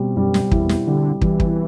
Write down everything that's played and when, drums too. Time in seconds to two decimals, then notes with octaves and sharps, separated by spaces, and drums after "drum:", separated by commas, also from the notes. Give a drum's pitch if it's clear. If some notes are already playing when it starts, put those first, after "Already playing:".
Already playing: B2 G3 C4
0.16 F#2 G3
0.34 drum: snare
0.51 E2 E4, drum: kick
0.69 drum: snare
0.87 D3 G3
1.21 E3 G3, drum: kick
1.40 drum: kick